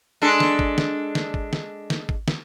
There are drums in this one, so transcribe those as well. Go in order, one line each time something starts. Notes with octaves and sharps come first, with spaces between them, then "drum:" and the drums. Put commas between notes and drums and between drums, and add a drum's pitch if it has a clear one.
G#3 D4 A4
drum: snare
drum: kick
drum: snare
drum: snare
drum: kick
drum: snare
drum: snare
drum: kick
drum: snare